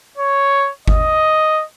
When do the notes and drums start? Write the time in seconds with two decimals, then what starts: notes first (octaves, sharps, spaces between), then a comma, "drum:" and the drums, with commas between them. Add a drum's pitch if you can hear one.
0.17 C#5
0.88 D#5, drum: kick G1